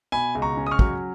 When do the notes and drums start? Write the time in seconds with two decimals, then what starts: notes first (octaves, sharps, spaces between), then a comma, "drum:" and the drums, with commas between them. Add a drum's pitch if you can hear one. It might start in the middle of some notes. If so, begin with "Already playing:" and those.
0.12 B2 G#5 B5
0.35 C#2
0.42 A#5 C#6
0.57 C#4
0.67 D#6
0.71 C#6 F6
0.79 F#3, drum: kick